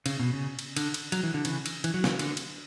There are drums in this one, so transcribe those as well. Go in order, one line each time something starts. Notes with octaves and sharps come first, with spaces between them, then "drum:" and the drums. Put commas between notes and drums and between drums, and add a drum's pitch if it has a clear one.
C#3, drum: cymbal
B2
C#3
drum: cymbal
D3, drum: cymbal
drum: cymbal
F#3, drum: cymbal
E3
D3
C#3 E3, drum: cymbal
drum: cymbal
E3, drum: cymbal
F#3
C#3 E3, drum: snare
D3, drum: cymbal
drum: cymbal